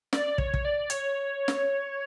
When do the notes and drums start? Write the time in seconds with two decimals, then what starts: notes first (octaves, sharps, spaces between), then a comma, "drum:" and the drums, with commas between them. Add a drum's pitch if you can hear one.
0.13 D5, drum: snare
0.38 C#5, drum: kick
0.54 drum: kick
0.65 D5
0.90 C#5, drum: hi-hat
1.48 drum: snare